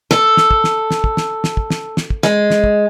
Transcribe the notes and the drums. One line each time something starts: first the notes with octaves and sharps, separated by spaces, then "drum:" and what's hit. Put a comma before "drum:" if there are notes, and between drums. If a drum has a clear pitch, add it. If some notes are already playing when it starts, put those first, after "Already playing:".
A4, drum: snare
drum: snare
drum: kick
drum: snare
drum: snare
drum: kick
drum: snare
drum: snare
drum: kick
drum: snare
drum: snare
drum: kick
G#3, drum: snare
drum: snare
drum: kick